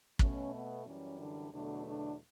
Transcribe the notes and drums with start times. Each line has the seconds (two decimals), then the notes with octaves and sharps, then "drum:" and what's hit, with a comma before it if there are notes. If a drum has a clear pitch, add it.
0.19 B2 A3 C#4, drum: kick
0.52 B3
0.85 F#2 E3 G3 C#4
1.19 D3 D4
1.52 E2 B2 D3 F#3 A3 D4
1.85 D3 D4